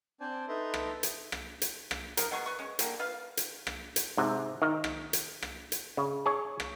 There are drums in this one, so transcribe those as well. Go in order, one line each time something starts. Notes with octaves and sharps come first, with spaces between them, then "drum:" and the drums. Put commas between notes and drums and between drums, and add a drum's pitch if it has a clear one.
C4 D4 C5 D5 G#5 A5
D#4 A4 B4 E5 A#5 C6
drum: rim click
drum: hi-hat
drum: rim click
drum: hi-hat
drum: rim click
F3 A#4, drum: hi-hat
B2 F#3 G#3 C#6
B4 C#6
G#3 C#4
D3 G3 A#3, drum: hi-hat
F4 B4 F5
drum: hi-hat
drum: rim click
drum: hi-hat
G#2 C3
D#3
drum: rim click
drum: hi-hat
drum: rim click
drum: hi-hat
C#3
G#4 C#5
drum: rim click